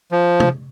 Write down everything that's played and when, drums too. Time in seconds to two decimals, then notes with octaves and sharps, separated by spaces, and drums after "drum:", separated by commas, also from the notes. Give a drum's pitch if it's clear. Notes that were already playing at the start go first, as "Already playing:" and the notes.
0.12 F3
0.40 drum: tom C3